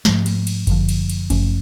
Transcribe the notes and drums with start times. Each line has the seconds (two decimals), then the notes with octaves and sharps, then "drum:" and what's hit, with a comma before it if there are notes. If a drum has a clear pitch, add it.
0.05 G#2 F3 A3, drum: snare
0.26 drum: cymbal
0.47 drum: cymbal
0.67 F#2 D3 F3, drum: kick G1, cymbal
0.89 drum: cymbal
1.10 drum: cymbal
1.30 F#2 F3 A3 C#4, drum: kick G1, cymbal